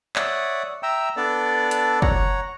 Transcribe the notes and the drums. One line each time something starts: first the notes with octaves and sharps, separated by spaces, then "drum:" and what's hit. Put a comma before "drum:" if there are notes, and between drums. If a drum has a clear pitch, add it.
C#5 D5 E5 F#5 D#6, drum: clap
E5 G5 A#5 E6
B3 D4 A4 D5
drum: hi-hat
C#5 F#5 A#5, drum: kick